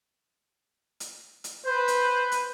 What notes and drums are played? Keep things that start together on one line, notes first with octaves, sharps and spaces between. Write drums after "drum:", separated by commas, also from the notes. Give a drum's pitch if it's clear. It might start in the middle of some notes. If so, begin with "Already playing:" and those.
drum: hi-hat
drum: hi-hat
B4 C5
drum: hi-hat
drum: hi-hat